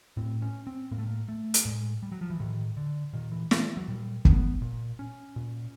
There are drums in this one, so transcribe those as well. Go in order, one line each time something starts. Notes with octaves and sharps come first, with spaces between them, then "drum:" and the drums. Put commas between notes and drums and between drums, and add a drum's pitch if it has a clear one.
A2 C4
C#4
C4
A2 A#3
A3
A#3
A3
drum: hi-hat
A2 G#3
G3
F#3
F3
E3
A2 D#3
D3
A#2 D#3
E3
E3, drum: snare
F#3
A#2 G3
B3, drum: kick
A#2
C#4
A#2